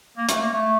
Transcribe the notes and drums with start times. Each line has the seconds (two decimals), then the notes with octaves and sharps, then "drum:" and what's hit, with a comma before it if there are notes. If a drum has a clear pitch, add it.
0.17 A#3
0.29 A3, drum: hi-hat
0.41 A#3
0.53 A3